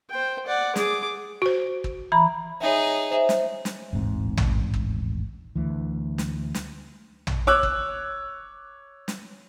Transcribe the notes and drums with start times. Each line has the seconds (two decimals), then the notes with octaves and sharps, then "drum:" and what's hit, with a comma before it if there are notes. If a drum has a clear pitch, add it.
0.10 C5 G5
0.46 D5 F#5
0.76 G#4 D6, drum: snare
1.42 F#4 C5
1.84 drum: kick
2.12 E3 A#5 B5
2.61 D#4 G#4 C#5 E5
3.10 C5 E5
3.29 drum: snare
3.65 drum: snare
3.93 D#1 A1 G#2 C4
4.37 drum: tom
4.74 drum: kick
5.56 D2 E3
6.18 drum: snare
6.55 drum: snare
7.27 drum: tom
7.47 C#5 D6 E6 F#6
7.63 drum: kick
9.08 drum: snare